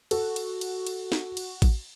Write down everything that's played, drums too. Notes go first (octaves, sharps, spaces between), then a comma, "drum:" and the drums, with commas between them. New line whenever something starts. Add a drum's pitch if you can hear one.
F#4 A4, drum: cymbal
drum: cymbal
drum: cymbal
drum: cymbal
drum: snare
drum: cymbal
drum: kick A1, cymbal